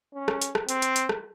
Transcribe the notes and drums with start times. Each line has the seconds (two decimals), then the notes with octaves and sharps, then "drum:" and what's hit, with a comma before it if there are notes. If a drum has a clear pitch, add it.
0.14 C#4
0.28 drum: rim click
0.42 drum: hi-hat
0.55 drum: rim click
0.69 C4, drum: hi-hat
0.82 drum: hi-hat
0.96 drum: hi-hat
1.09 drum: rim click